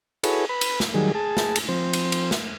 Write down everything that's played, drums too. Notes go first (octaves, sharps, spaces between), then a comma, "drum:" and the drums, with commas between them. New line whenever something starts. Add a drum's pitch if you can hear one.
E4 F#4 G#4 A4 B4 C#5, drum: cymbal
B4 B5
drum: cymbal
drum: snare
D#3 F#3 G3 G#4
G#4 A5
drum: snare
drum: cymbal
F3 C4 C5
drum: cymbal
drum: cymbal
drum: snare